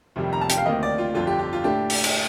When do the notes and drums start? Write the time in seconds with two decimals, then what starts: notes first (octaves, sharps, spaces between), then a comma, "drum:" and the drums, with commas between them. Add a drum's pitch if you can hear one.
0.16 F1 F2 C3 D#3 G3
0.33 A#5
0.41 A5
0.49 G5, drum: hi-hat
0.58 F5
0.66 D2 C3 D#3 A#3 D#5
0.83 D5
0.98 F4
1.14 G1 F2 D3 F4
1.27 G4
1.39 G4
1.53 F4
1.64 A2 A3 D4 G4
1.90 drum: open hi-hat
2.04 drum: cymbal